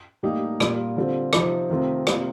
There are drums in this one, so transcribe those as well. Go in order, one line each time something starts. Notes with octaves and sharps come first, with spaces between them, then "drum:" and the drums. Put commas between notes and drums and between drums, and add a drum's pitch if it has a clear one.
A2 G3 A#3 D#4 G4
A#2 G3 A#3 F4, drum: rim click
D3 G3 C4 F4
C3 F3 C4 D#4, drum: rim click
C3 D#3 A3 C4 F4
C3 G3 A#3 F4, drum: rim click